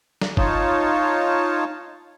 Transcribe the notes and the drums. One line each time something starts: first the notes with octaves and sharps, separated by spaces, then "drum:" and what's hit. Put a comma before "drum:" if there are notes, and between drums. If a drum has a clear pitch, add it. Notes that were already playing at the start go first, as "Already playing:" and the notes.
drum: snare
D#4 F4 C#5 A5, drum: kick